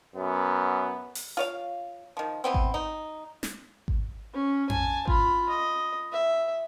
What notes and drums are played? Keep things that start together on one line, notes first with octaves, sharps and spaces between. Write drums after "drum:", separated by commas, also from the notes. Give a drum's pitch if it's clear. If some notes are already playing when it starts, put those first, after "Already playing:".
F#2 B3
drum: open hi-hat
F4 C#5 F5
D#3 F3
E3 B3 C4
drum: kick G#1
D#4
drum: snare
drum: kick G#1
C#4
G#5 A5, drum: tom F2
F4 B5, drum: kick G#1
D#5
E5